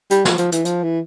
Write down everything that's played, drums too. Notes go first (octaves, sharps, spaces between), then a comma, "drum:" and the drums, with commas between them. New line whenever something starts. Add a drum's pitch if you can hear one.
G3, drum: hi-hat
F3, drum: snare
F3, drum: hi-hat
E3, drum: hi-hat
F3, drum: hi-hat
E3